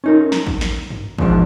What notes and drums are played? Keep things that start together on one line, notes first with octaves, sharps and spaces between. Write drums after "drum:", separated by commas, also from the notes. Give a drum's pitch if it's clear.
C#4 D#4 A#4
A#5, drum: snare
drum: kick
drum: snare
drum: tom G2
E2 G#2 B2 F3 D4, drum: kick